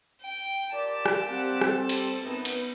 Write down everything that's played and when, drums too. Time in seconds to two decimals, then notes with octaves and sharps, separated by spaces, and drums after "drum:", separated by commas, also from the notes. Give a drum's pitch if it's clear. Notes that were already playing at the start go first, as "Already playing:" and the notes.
0.21 G5
0.73 A#2 G4 D5 A5
1.06 drum: rim click
1.29 G3 C4 F#5
1.61 G3 A4, drum: rim click
1.89 drum: cymbal
2.23 F#2 B3 D#4
2.45 drum: cymbal